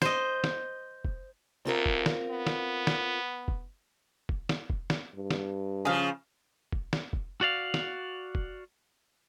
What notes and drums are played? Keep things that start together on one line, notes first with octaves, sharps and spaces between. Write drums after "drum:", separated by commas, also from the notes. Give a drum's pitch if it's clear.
C5 D#5, drum: snare
drum: snare
drum: kick
D2 C4 F4 A#4
drum: kick
drum: snare
B3
drum: snare
drum: snare
drum: kick
drum: kick
drum: snare
drum: kick
drum: snare
G2
drum: snare
C#3 F3 G#4 F5
drum: kick
drum: snare
drum: kick
F#4 D5 F5
drum: snare
drum: kick